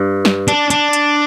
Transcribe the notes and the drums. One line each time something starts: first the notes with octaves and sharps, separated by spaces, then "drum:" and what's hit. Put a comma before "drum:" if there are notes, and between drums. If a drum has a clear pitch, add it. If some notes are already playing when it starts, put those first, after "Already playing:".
Already playing: G2
drum: snare
D4, drum: hi-hat
D4, drum: hi-hat
drum: hi-hat